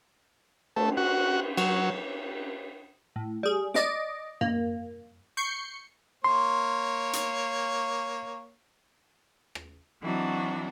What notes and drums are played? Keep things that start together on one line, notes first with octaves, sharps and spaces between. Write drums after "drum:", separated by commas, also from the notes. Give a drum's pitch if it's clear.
A3, drum: cymbal
F#4
F#3, drum: cymbal
A2
G3 G#4
D5 D#5 D6, drum: snare
A#3, drum: tom F#2
C#6 G6 C7 C#7
A#3 C#5 C6
drum: hi-hat
drum: rim click
E3 F#3 C4 D4 D#4 F#4